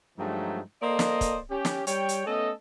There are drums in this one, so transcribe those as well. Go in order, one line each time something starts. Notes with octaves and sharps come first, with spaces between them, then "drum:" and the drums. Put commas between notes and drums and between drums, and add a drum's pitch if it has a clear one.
G2 F3 F#3 G#3 A3 D#4
A#3 A4 C5 D5 D#5
drum: snare
drum: kick, hi-hat
C#4 G4
drum: snare
G3 C#5 G5, drum: hi-hat
drum: hi-hat
A3 B3 C#4 A4 D#5